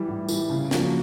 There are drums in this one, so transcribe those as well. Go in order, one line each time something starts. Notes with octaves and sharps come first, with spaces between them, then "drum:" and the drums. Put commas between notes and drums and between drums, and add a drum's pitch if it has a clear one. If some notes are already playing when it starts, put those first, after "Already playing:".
Already playing: E3 G3
A2
E3, drum: tambourine
G3
C#3
F3 A#3 D4 F#4, drum: snare